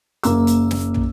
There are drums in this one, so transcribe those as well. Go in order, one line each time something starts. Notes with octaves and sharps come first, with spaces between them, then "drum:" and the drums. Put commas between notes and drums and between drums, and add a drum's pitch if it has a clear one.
F#1 A#3 E6, drum: hi-hat
drum: hi-hat
drum: snare
drum: tom